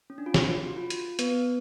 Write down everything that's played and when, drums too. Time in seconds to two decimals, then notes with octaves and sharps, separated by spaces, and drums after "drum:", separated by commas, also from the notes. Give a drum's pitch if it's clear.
0.10 C#4
0.18 D4
0.26 F4
0.34 F#4, drum: snare
0.67 F#4
0.77 F4
0.90 drum: hi-hat
1.19 B3 B4, drum: hi-hat